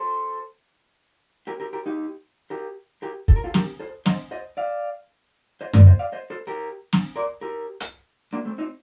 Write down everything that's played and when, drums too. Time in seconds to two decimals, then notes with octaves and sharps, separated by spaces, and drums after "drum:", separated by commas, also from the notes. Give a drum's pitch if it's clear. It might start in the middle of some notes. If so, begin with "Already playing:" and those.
Already playing: A4 C5
1.47 G4 A#4
1.60 G4 A#4
1.73 G4 A#4
1.86 D#4 G4
2.50 G4 A#4
3.02 G4 A#4
3.28 A4, drum: kick
3.36 A#4
3.44 F4 A4
3.54 G4 A#4, drum: snare
3.80 A4 C5
4.06 C5 D#5, drum: snare
4.31 C5 D#5
4.57 D5 F5
5.61 C5 D#5
5.73 A#4 D5, drum: tom F#2
5.86 C5 D#5
5.99 D5 F5
6.12 C5 D#5
6.30 A4 C5
6.47 G4 A#4
6.93 drum: snare
7.16 A#4 D5
7.41 G4 A#4
7.80 drum: hi-hat
8.33 A#3 D4
8.45 A3 C4
8.58 C4 D#4